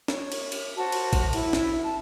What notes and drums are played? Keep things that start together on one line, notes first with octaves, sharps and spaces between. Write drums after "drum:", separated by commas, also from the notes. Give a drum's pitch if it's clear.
C#5, drum: snare
drum: cymbal
drum: cymbal
F#4 C5 A5
drum: cymbal
drum: kick A1, cymbal
E4, drum: cymbal
drum: snare
A5